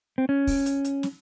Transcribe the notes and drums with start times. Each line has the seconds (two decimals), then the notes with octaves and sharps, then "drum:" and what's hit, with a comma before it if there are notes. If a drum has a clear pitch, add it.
0.18 C4
0.29 C#4
0.47 drum: kick, open hi-hat
0.66 drum: hi-hat
0.84 drum: hi-hat
1.03 drum: snare